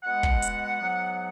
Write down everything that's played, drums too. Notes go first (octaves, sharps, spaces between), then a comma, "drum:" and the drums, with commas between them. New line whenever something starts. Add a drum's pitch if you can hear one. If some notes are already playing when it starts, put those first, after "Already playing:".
B2 G#3 B3 F#5
drum: kick
drum: hi-hat
G#2 F#3 B3